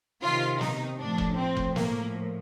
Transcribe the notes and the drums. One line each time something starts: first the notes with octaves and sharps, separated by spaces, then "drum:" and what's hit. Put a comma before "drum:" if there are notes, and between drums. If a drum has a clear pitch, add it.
C3 D#3 F4
D#4, drum: snare
A2 F3 D4
drum: kick F1
C4
drum: kick F1
A2 F3 A#3, drum: snare